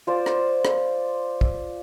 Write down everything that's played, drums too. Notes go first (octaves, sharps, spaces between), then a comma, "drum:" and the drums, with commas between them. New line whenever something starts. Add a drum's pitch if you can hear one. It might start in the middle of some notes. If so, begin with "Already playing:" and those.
F4 C5 D5
drum: rim click
drum: rim click
drum: kick